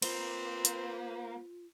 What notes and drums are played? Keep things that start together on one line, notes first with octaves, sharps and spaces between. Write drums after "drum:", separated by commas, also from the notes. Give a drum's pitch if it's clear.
A#3 C4 F4 B4 C5, drum: cymbal
drum: hi-hat